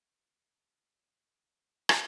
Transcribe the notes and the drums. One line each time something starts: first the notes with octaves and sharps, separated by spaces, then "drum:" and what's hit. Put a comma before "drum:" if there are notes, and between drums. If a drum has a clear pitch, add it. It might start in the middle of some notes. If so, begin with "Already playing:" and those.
B2 G3
F#4 C5 E5
D3 G3
drum: rim click